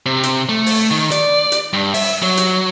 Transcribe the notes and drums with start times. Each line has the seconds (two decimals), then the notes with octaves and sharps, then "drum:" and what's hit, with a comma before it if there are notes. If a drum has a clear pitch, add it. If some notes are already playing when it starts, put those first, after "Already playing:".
0.06 C3
0.23 drum: hi-hat
0.49 A3
0.66 drum: open hi-hat
0.91 D#3
1.11 D5, drum: hi-hat
1.52 drum: hi-hat
1.73 G2
1.94 E5, drum: open hi-hat
2.23 F#3
2.37 drum: hi-hat